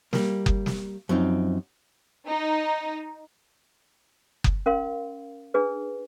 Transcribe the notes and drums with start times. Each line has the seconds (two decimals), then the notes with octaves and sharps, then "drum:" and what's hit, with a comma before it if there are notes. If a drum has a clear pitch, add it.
0.13 G3 A#3, drum: snare
0.46 drum: kick F#1
0.66 drum: snare
1.09 F#2 F3 C4 D#4
2.28 D#4
4.44 drum: kick F#1
4.66 C#4 A#4 F5 C6
5.54 D4 G#4 B4